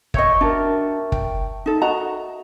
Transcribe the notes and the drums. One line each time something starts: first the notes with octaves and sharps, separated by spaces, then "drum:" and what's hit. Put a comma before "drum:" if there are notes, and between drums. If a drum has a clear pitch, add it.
C#5 D#5 E5 G5 C#6, drum: kick
D4 F#4 A#4 A5
G5, drum: kick
D#4 A4
F#4 D#5 A#5